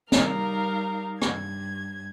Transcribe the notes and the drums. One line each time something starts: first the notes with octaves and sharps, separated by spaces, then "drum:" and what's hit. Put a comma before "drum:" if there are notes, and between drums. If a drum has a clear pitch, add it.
G3 D#4 A#4 F5, drum: snare
G2 G#6, drum: rim click